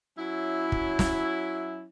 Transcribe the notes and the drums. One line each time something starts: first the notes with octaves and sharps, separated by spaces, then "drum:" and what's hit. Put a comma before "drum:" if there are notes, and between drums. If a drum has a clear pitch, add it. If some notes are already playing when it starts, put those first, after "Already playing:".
F#3 C#4 E4
drum: kick
drum: snare